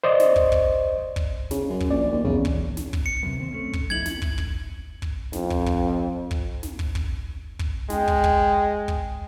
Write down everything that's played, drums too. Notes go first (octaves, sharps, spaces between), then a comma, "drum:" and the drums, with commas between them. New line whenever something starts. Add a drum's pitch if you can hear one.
C5 D5 D#5
drum: snare
drum: kick
drum: kick
drum: kick
C#3, drum: snare
F#2
drum: kick
A#1 D5
D#2
B1 E2 C#3
drum: kick
drum: snare
drum: kick
C#7
F#2 C3
D#2 C4
A3 C#4
drum: kick
F2 D#4 E4 G#6 F#7
drum: snare
drum: kick
drum: kick
drum: kick
F2, drum: snare
drum: kick
drum: kick
drum: kick
drum: snare
drum: kick
drum: kick
drum: kick
G#3 G5, drum: snare
drum: kick
drum: kick
drum: kick